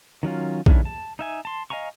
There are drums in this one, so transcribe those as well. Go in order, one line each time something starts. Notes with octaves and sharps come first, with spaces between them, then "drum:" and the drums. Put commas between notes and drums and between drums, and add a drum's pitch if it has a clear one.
D#3 F#3 C#4 F4
D#3 C#4 D4 E4, drum: kick A#1
A5
D#4 E5 G#5
A5 C6
D#5 F5 G#5 A#5 C#6